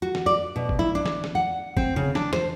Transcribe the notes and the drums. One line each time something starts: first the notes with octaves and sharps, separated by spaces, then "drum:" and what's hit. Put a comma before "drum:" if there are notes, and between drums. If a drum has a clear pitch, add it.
F#4
drum: snare
D5
B2
drum: kick
E4
D4
drum: snare
drum: snare
F#5
C4, drum: kick
C#3
D4, drum: snare
C5, drum: snare